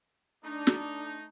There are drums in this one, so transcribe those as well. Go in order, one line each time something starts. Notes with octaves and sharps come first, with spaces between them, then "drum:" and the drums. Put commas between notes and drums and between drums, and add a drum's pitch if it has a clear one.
A3 D4 D#4
drum: snare